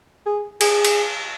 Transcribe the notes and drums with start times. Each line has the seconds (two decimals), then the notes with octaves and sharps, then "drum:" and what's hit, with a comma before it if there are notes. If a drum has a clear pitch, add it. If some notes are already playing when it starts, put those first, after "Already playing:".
0.26 G#4
0.61 G#4, drum: cymbal
0.85 drum: cymbal